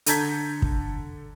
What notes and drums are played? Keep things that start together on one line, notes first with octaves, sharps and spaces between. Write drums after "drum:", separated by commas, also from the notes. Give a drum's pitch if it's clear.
D3 A4 A#5 G6 G#6 B6, drum: hi-hat
drum: kick